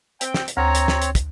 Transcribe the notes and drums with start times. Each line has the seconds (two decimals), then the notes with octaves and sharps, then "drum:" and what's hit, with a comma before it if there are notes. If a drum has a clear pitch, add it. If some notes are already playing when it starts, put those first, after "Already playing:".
0.21 C4 G5, drum: hi-hat
0.34 drum: snare
0.48 drum: hi-hat
0.57 D2 C4 C#5 A#5
0.75 drum: hi-hat
0.88 drum: snare
1.02 drum: hi-hat
1.15 drum: kick, hi-hat